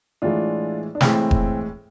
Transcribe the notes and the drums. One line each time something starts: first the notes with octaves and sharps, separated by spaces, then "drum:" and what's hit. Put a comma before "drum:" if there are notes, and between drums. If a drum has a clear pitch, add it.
A2 E3 G#3 D4 F4
D4
A2 E3 G#3 C4 E4, drum: snare
drum: kick E1